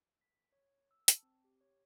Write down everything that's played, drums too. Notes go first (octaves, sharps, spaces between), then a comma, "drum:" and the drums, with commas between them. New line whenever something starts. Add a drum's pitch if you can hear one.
B6
C#5
E6
A5, drum: hi-hat
C4
G4
C#5